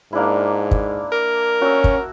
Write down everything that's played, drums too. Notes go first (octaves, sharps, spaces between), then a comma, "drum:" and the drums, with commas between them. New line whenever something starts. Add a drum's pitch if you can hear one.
G#2 A#3 D4 E4
drum: kick
A#4
C#4 F#4 E6
drum: kick